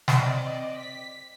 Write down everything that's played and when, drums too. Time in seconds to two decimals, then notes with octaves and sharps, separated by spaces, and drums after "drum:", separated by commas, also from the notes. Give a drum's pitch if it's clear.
0.08 drum: snare
0.18 C4 D5 D#5
0.79 B6